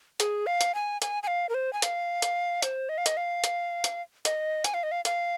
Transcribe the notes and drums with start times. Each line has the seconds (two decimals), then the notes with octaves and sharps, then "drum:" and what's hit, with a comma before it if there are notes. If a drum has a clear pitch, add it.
0.20 G#4, drum: hi-hat
0.47 F5
0.61 drum: hi-hat
0.75 G#5
1.02 G#5, drum: hi-hat
1.23 G#5
1.27 F5
1.49 A#4
1.54 C5
1.73 G#5
1.82 F5, drum: hi-hat
2.22 drum: hi-hat
2.62 C5, drum: hi-hat
2.89 D#5
2.98 F5
3.06 D#5, drum: hi-hat
3.17 F5
3.44 drum: hi-hat
3.84 drum: hi-hat
4.25 D#5, drum: hi-hat
4.64 G#5, drum: hi-hat
4.74 F5
4.83 D#5
4.92 F5
5.05 F5, drum: hi-hat